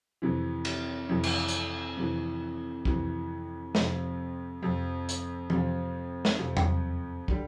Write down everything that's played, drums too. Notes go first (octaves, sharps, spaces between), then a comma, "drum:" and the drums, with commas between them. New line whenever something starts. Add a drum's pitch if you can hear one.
F2 C3 E3
drum: cymbal
F2 C3 E3
drum: cymbal
drum: hi-hat
F2 C3 E3
F2 C3 E3, drum: kick
F2 C3 F3, drum: snare
F2 C3 F3
drum: hi-hat
F2 C3 F3, drum: tom E3
drum: snare
F2 C3 F3
drum: tom E2
D3 G3, drum: kick